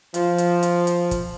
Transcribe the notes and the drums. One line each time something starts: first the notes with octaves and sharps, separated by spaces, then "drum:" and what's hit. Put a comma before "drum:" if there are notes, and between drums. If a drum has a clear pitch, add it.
F3, drum: hi-hat
drum: hi-hat
drum: hi-hat
drum: hi-hat
drum: kick, hi-hat